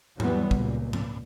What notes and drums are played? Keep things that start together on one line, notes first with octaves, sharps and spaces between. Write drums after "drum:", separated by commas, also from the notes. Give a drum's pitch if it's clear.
E2 E3 F#3 G3 B3, drum: tom G#2
C#2 A#2, drum: kick
drum: tom G#2